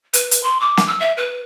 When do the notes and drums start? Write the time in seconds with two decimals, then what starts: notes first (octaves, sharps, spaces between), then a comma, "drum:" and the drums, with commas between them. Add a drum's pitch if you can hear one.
0.13 B4, drum: hi-hat
0.31 drum: hi-hat
0.43 C6
0.61 D6
0.77 drum: snare
0.87 E6
1.00 E5
1.17 B4